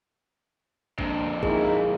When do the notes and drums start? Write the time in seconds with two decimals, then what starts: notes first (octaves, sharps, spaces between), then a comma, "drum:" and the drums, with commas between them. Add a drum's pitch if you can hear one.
0.99 F2 A#2 D4, drum: kick
1.43 A#3 D#4 E4 G#4, drum: kick